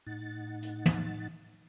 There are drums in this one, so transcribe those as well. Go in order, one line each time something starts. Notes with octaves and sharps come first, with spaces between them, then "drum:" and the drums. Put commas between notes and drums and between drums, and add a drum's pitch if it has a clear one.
A2 D#4 F#5 A6
drum: hi-hat
drum: tom